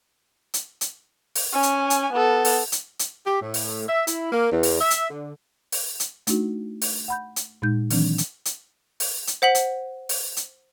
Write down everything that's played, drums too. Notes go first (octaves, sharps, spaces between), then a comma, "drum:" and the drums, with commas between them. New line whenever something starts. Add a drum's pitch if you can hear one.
drum: hi-hat
drum: hi-hat
drum: open hi-hat
C#4 G#5
drum: hi-hat
drum: hi-hat
B3 A4
drum: open hi-hat
drum: hi-hat
drum: hi-hat
G4
A2
drum: open hi-hat
E5
E4, drum: hi-hat
A#3
E2
drum: open hi-hat
E5
drum: hi-hat
D3
drum: open hi-hat
drum: hi-hat
A3 D4 D#4 F#4, drum: hi-hat
drum: open hi-hat
F#5 B5 G6
drum: hi-hat
A#2 G#3 D#4 G6
D#3 E3 F#3 C4 D4, drum: open hi-hat
drum: hi-hat
drum: hi-hat
drum: open hi-hat
drum: hi-hat
C5 F#5 B6 F#7
drum: hi-hat
drum: open hi-hat
drum: hi-hat